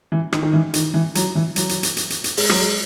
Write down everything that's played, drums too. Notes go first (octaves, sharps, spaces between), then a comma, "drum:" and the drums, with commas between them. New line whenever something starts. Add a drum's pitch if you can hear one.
E3
D#3, drum: rim click
D#3
E3
D#3, drum: hi-hat
E3
F#3, drum: hi-hat
E3
F#3, drum: hi-hat
drum: hi-hat
drum: hi-hat
drum: hi-hat
drum: hi-hat
drum: hi-hat
G#3, drum: open hi-hat
F#3, drum: rim click
G#3